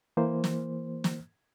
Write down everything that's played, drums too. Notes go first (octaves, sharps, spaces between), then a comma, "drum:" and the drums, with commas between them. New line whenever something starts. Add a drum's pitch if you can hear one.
E3 A#3 C5
drum: snare
drum: snare